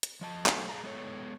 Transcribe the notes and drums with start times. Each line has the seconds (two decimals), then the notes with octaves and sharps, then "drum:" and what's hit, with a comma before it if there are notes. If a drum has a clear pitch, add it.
0.03 drum: hi-hat
0.21 F3 D#5 A5
0.46 F#3 A3 C5, drum: clap
0.69 G#4 F5 A5 A#5
0.84 G#3 B3 A4 C#5